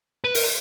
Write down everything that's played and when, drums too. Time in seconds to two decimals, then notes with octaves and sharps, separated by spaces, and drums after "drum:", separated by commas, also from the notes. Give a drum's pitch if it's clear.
0.24 B4
0.35 A#4, drum: open hi-hat